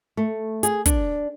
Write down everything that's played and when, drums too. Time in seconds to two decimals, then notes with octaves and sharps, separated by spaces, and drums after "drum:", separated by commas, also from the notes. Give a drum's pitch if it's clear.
0.17 A3
0.63 G#4, drum: hi-hat
0.86 D4, drum: kick, hi-hat